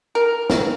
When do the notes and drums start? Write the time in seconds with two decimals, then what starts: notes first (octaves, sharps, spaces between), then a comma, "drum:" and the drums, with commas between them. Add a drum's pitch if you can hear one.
0.15 A#4
0.50 drum: snare